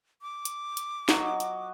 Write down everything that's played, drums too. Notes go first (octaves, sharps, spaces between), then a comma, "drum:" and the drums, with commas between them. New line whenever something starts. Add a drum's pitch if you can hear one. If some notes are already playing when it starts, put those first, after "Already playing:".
D6
drum: hi-hat
drum: hi-hat
F#3 F#4 D#5, drum: snare
drum: hi-hat